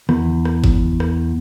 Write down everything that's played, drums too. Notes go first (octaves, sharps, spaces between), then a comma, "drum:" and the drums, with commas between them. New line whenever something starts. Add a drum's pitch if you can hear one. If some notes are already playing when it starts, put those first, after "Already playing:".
E2, drum: rim click
drum: rim click
drum: kick G1
drum: rim click